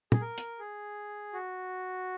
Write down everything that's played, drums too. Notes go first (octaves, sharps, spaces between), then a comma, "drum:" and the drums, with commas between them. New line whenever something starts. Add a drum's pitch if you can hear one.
G#4, drum: tom
A#4
drum: hi-hat
G#4
F#4